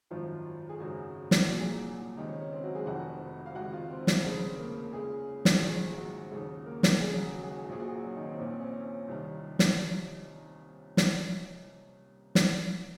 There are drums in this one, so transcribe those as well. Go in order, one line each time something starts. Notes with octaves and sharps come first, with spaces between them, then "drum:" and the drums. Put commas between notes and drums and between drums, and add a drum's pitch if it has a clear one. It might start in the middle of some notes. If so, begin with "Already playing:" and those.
G#1 F#2 D#3 F3 F4
G#4
G#1 F#2 C#3 F#3 F#4
drum: snare
C2 A#2 F#4
G#4
F#3 F#4
C#2 C3 D#3 D#4
C#4
C#4
C4
F#3 F#4
G#3 G#4
F1 F2 C3 D#3 F#4 F#5
F5
C#2 C3 D#3 F#4 F#5
F4 F5
C4 C5
drum: snare
F1 D#2 C#3
A#3 A#4
C#2 C#3 G#3 G#4
drum: snare
F#4
A#1 G#2 D#3 G#3 G#4
G#4
F#3 F#4
D#2 C#3
A#3 A#4
drum: snare
D#2 C#3 G#3 G#4
F#3 F#4
F#4
G#4
F#4
G#4
F#4
A#1 A#2 G#4
F#4
G#4
F#3 F#4
C#4
D#3 D#4
C4
A#1 A#2 C#4
C4
C#4
C#4
C2 C3 D#3
drum: snare
drum: snare
drum: snare